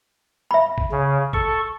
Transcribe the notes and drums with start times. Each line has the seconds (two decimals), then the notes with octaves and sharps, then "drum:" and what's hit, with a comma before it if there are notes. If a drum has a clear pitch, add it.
0.51 E5 B5
0.78 drum: kick
0.92 C#3
1.33 A4 C#6, drum: kick